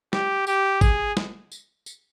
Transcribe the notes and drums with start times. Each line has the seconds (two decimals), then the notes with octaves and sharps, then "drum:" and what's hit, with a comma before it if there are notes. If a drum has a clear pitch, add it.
0.13 G4, drum: snare
0.47 G4, drum: tambourine
0.81 G#4, drum: kick G#1, tambourine
1.17 drum: snare
1.52 drum: tambourine
1.86 drum: tambourine